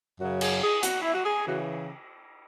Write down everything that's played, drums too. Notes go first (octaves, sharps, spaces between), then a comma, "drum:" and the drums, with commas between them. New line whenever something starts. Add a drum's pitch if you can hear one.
F#2 C#3 F#3 F#4
G#4, drum: cymbal
G#4
F#4, drum: hi-hat
E4
F#4
G#4
C#3 E3 F#4